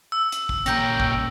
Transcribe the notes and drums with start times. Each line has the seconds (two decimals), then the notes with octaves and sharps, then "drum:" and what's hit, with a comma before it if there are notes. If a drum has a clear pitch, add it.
0.12 E6
0.32 drum: hi-hat
0.49 drum: kick
0.66 A#2 C#4 G5 A#5 G6 A#6, drum: hi-hat
1.00 drum: kick